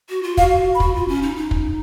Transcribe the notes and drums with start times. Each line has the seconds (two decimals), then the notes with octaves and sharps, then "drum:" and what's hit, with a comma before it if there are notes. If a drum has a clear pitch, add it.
0.09 F#4
0.23 F4
0.37 F#4 F5, drum: kick
0.75 B5
0.80 F#4, drum: kick
0.95 F4
1.08 C#4
1.22 D#4
1.37 D#4
1.51 drum: kick